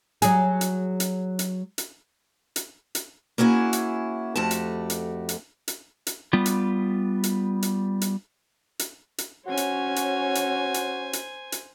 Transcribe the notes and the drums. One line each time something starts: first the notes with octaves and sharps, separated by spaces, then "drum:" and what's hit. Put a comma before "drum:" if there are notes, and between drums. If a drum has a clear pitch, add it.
F#3 G#4, drum: hi-hat
drum: hi-hat
drum: hi-hat
drum: hi-hat
drum: hi-hat
drum: hi-hat
drum: hi-hat
A#3 C#4 E4 F#4 G#4
drum: hi-hat
F2 A3 F#4 G4 A5
drum: hi-hat
drum: hi-hat
drum: hi-hat
drum: hi-hat
drum: hi-hat
G3 B3 F4
drum: hi-hat
drum: hi-hat
drum: hi-hat
drum: hi-hat
drum: hi-hat
drum: hi-hat
C#4 F#4 C5 C#5 G#5
drum: hi-hat
drum: hi-hat
drum: hi-hat
drum: hi-hat
drum: hi-hat
drum: hi-hat